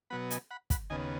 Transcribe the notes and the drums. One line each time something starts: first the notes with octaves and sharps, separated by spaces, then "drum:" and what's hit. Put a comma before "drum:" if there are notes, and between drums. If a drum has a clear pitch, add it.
B2 F#3 B3 F#5 B5
D#5 G#5, drum: hi-hat
F#5 B5
F#5 B5, drum: kick, hi-hat
D#2 C#3 B3 D#5 G#5